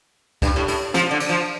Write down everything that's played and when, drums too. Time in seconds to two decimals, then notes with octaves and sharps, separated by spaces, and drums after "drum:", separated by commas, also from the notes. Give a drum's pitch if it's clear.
0.42 G2, drum: kick, cymbal
0.56 A2
0.68 A2, drum: cymbal
0.94 F3, drum: snare
1.11 D3
1.20 drum: cymbal
1.29 F3